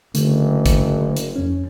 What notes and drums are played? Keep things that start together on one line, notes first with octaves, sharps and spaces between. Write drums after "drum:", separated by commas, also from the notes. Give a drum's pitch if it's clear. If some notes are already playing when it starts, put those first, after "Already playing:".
F#1 D3 A3, drum: hi-hat
drum: kick, hi-hat
drum: hi-hat
F2 C#4